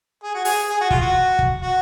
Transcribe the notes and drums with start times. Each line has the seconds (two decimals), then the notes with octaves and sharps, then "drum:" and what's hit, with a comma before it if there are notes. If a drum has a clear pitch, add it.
0.23 G#4
0.35 F#4
0.45 G#4, drum: open hi-hat
0.69 G#4
0.81 F#4
0.91 F4, drum: kick
1.01 F#4
1.39 drum: kick
1.62 F#4